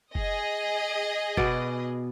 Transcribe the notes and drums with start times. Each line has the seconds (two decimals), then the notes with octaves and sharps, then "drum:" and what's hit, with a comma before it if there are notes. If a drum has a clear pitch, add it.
0.15 G#4 D#5, drum: kick F#1
1.37 B2 B3 D5, drum: kick F#1